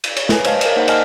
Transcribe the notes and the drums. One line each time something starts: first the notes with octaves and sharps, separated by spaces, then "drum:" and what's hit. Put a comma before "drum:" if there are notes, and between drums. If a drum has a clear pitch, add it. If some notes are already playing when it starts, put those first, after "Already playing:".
drum: cymbal
C#5, drum: cymbal
B4 G#5, drum: snare
C5 C#5 D#5 F5 A5, drum: cymbal
A#4 D5, drum: cymbal
A#3 D#4 C5 F#5
D5 D#5 G#5 A5 F6, drum: cymbal